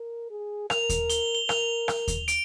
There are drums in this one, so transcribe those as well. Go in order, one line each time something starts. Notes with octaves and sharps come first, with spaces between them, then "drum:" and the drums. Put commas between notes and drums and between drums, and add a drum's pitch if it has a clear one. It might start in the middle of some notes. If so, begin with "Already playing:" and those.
Already playing: A#4
G#4
A#4 F7, drum: rim click
drum: kick D#2, hi-hat
G7, drum: hi-hat
G7
A#4 F7, drum: rim click
drum: rim click
drum: kick D#2, hi-hat
D7, drum: hi-hat